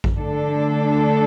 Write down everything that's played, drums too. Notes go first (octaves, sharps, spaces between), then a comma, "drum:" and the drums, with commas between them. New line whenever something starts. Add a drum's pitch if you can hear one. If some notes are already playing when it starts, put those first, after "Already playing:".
drum: kick A1
D3 A3 D4 A4